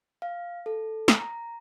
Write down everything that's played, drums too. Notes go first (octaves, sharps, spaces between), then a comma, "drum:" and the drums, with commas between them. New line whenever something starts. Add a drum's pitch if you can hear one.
F5
A4
drum: snare
A#5